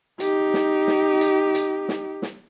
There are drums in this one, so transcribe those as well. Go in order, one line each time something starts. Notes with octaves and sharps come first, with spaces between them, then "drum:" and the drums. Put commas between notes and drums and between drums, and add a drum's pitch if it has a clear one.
D#4 G4, drum: hi-hat
drum: snare
drum: snare
drum: hi-hat
drum: hi-hat
drum: snare
drum: snare